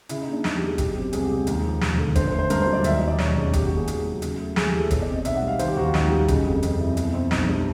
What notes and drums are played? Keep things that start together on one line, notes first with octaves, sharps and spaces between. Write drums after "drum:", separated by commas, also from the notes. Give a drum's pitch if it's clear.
C#3 E4, drum: hi-hat
D#4
A#3
D4
E2 D#4, drum: snare
G4
F#3
G#4
B2 G4, drum: kick, hi-hat
C4 G4
C2 G#4, drum: hi-hat
G4
G#3
G#4
D#2, drum: hi-hat
F3
E1, drum: snare
D3
D3 C5, drum: kick, hi-hat
C5
A3
C5
G2 A#4, drum: hi-hat
C5
F#3
D5
D#2 E5, drum: hi-hat
D#5
F#3
D5
E1 C#5, drum: snare
C#3 C#5
D#3 G4, drum: kick, hi-hat
F#4
A#3
G#4
D#2, drum: hi-hat
F#3
C#3, drum: hi-hat
A3
D#2 G#4, drum: snare
G4
E3 A4
B2 C#5, drum: kick, hi-hat
D5
C4
D#5
B1 E5, drum: hi-hat
F#5
G3
F5
D#3 C5, drum: hi-hat
G4
D#2 F#4
F4
D#2 D#4, drum: snare
G3
C#3, drum: kick, hi-hat
F2
F2, drum: hi-hat
E3
B2, drum: hi-hat
C4
B1 D#4, drum: snare
G3 D4